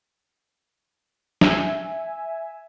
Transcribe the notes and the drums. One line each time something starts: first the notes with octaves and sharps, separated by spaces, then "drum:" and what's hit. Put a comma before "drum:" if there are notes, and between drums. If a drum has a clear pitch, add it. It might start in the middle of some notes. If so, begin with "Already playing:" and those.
E5 G#5, drum: snare